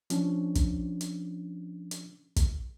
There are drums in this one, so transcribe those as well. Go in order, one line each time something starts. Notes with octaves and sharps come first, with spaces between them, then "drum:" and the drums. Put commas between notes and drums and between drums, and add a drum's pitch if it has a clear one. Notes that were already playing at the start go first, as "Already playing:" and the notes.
F3 C#4 D4, drum: hi-hat
drum: kick, hi-hat
drum: hi-hat
drum: hi-hat
drum: kick, hi-hat